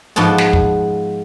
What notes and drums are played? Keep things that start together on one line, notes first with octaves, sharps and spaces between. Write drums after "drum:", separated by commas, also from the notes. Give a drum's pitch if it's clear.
G#2 F3 B3 A5
drum: snare
drum: kick